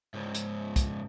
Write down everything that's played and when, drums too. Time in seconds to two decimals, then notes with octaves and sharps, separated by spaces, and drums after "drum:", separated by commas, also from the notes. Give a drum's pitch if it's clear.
0.14 C#2 G#2
0.35 drum: hi-hat
0.76 drum: kick, hi-hat